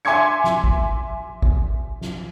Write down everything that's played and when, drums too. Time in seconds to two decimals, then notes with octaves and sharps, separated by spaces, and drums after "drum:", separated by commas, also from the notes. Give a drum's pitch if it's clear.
0.05 E5 G#5 C6 D6 G#6 C#7
0.44 drum: snare
0.64 drum: kick
1.42 drum: kick
2.01 drum: snare